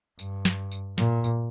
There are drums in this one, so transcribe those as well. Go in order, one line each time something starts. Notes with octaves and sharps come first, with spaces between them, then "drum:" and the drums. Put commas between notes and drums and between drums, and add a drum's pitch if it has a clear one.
G2, drum: tambourine
drum: snare
drum: tambourine
A#2, drum: snare
drum: tambourine